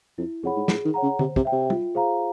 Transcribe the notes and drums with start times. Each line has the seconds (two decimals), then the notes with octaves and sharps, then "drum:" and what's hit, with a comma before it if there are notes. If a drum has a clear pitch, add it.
0.18 F2 E4
0.43 F2 G#4 C#5 F#5 B5
0.56 G#2
0.68 A2 G#4, drum: snare
0.85 D#3
0.94 C#5 F#5 A#5
1.03 C#3
1.19 C3 C5, drum: tom D3
1.36 C3, drum: kick
1.45 E5 G5
1.52 C3
1.70 F4, drum: tom G3
1.95 G#4 C5 F5 A#5